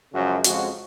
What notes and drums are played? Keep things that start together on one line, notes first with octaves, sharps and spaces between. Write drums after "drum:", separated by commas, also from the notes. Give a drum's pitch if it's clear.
F#2 C#3 F3 G#3 F#4
F2 C#3 F3 G#3 F#4, drum: hi-hat